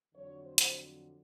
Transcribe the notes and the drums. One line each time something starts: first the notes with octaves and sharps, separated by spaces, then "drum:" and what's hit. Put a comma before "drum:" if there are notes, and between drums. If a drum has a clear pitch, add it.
F2 D3 F#3 C#5
C5
drum: hi-hat